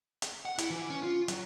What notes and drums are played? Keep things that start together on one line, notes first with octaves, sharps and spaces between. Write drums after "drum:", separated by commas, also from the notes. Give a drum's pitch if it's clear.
drum: hi-hat
F#5
E4, drum: hi-hat
E3
C#4
F4
F#3, drum: hi-hat